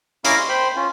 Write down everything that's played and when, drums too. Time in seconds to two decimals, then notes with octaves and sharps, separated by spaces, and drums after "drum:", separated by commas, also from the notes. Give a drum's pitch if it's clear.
0.25 C#4 E4 A#4 D#5 F5 D6, drum: hi-hat
0.37 C6
0.49 C5 G5 B5 C6
0.76 C#4 F4